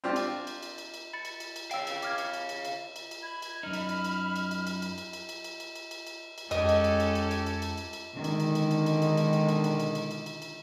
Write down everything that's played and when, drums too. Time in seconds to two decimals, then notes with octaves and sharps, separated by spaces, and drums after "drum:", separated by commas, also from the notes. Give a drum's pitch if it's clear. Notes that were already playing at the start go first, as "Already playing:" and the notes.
0.04 C4 D4 F4 G4
0.16 drum: cymbal
0.47 drum: cymbal
0.63 drum: cymbal
0.78 drum: cymbal
0.94 drum: cymbal
1.13 B5 A6 C#7
1.25 drum: cymbal
1.40 drum: cymbal
1.56 drum: cymbal
1.71 C#5 F5 G5 E6, drum: cymbal
1.87 drum: cymbal
2.02 D6 F6 G#6, drum: cymbal
2.18 drum: cymbal
2.34 drum: cymbal
2.49 drum: cymbal
2.65 drum: cymbal
2.96 drum: cymbal
3.11 drum: cymbal
3.23 B5 G#6
3.42 drum: cymbal
3.63 F#2 D#4 F6
3.73 drum: cymbal
3.89 drum: cymbal
4.05 drum: cymbal
4.36 drum: cymbal
4.51 drum: cymbal
4.67 drum: cymbal
4.82 drum: cymbal
4.98 drum: cymbal
5.13 drum: cymbal
5.29 drum: cymbal
5.44 drum: cymbal
5.60 drum: cymbal
5.76 drum: cymbal
5.91 drum: cymbal
6.07 drum: cymbal
6.38 drum: cymbal
6.51 F2 G#3 C#4 G4 A4 D#5, drum: cymbal
6.69 drum: cymbal
6.84 drum: cymbal
7.00 drum: cymbal
7.15 drum: cymbal
7.31 drum: cymbal
7.46 drum: cymbal
7.62 drum: cymbal
7.78 drum: cymbal
7.93 drum: cymbal
8.12 B2 D3 D#3 G#3
8.24 drum: cymbal
8.40 drum: cymbal
8.55 drum: cymbal
8.71 drum: cymbal
8.86 drum: cymbal
9.02 drum: cymbal
9.17 drum: cymbal
9.33 drum: cymbal
9.49 drum: cymbal
9.64 drum: cymbal
9.80 drum: cymbal
9.95 drum: cymbal
10.11 drum: cymbal
10.26 drum: cymbal
10.42 drum: cymbal